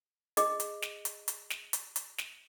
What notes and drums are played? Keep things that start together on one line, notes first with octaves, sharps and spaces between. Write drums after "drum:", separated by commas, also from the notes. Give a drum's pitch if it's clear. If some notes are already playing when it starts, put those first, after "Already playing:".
G#4 D#5, drum: hi-hat
drum: hi-hat
drum: snare
drum: hi-hat
drum: hi-hat
drum: snare
drum: hi-hat
drum: hi-hat
drum: snare